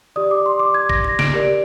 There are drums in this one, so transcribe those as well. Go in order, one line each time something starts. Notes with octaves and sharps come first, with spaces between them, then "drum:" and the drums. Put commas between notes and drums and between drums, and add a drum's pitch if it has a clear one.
G4 D5 D#6
D6
C6
D6
G#6
A#6, drum: kick
A#6
D7, drum: snare
G4 A#4 D5